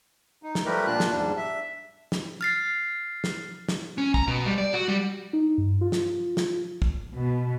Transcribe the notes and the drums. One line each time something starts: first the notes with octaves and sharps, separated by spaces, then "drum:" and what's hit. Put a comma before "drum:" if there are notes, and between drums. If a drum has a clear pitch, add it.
D#4
drum: snare
F3 G3 A3 G4 A#4 B4
A#2 D4 F4 F#6
drum: snare
E2 G#2 G3 D4
E5
drum: snare
F6 A6 C7
drum: snare
drum: snare
C#4
A#5, drum: kick
B2
G3
D5
F#4
G3
D#4
G2
F4
drum: snare
drum: snare
drum: kick
B2